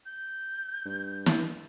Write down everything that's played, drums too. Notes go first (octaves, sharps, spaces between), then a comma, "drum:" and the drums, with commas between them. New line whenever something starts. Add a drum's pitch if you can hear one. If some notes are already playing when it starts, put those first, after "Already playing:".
G6
G2
drum: snare